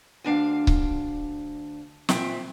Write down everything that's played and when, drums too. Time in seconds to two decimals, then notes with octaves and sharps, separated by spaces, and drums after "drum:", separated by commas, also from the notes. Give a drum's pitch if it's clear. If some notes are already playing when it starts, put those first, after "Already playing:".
0.24 D2 D4 F5
0.67 drum: kick C#1
2.09 A#2 C4 E5, drum: snare